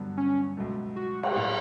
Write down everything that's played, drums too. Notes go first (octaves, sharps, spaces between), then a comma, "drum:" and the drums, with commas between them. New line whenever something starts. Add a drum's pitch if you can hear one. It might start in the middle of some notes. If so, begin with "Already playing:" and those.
Already playing: G2 D3 F#3 B3
C#4
C#2 B2 F#3 A3
F#4
drum: cymbal
A2 F#3 A#3